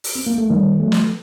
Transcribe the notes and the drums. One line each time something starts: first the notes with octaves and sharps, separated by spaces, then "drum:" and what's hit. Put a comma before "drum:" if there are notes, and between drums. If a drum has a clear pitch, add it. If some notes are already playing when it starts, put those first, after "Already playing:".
drum: open hi-hat
C4
A#3
A3
D#3 G3
F#3 A3
drum: snare